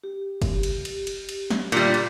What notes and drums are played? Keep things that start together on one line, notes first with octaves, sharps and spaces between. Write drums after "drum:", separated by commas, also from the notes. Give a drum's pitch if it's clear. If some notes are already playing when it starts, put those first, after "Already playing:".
G4
drum: kick, cymbal
drum: cymbal
drum: cymbal
drum: cymbal
drum: cymbal
drum: snare
A#2 G3, drum: cymbal
drum: cymbal